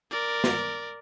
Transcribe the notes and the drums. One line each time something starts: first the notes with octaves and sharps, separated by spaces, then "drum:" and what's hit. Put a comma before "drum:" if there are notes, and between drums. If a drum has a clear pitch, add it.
A#4 D5
drum: snare